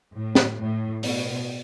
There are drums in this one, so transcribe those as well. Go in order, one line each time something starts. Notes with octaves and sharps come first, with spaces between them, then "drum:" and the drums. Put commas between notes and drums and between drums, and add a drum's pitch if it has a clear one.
A2
drum: snare
A2
B2, drum: open hi-hat